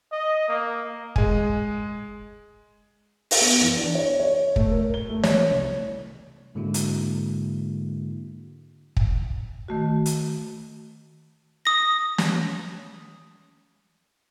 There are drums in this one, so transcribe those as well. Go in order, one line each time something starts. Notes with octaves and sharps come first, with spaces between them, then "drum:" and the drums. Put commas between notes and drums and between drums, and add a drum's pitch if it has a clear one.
D#5
A#3
G#3 G#5, drum: kick
drum: open hi-hat
B3
E3
D4
C#5
C#5
A3, drum: kick
A#4
G7
A3
C#5, drum: snare
C2
G#2 D3 G#3 A#3 E4 F#4
drum: hi-hat
drum: kick
D#3 A3 F#4
drum: hi-hat
D#6 A#6
drum: snare